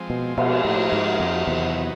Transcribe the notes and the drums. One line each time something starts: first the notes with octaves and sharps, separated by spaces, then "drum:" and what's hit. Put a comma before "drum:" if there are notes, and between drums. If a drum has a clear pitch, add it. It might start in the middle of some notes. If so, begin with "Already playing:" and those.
Already playing: F3 G#3 C4
B2
B2, drum: cymbal
A2 F3 A#3 D#4 G4
G#2
F2
E2 C3 D#3 F#3 B3